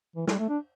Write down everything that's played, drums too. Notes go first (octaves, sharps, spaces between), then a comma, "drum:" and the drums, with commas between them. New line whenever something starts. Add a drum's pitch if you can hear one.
E3
G3, drum: snare
A3
D4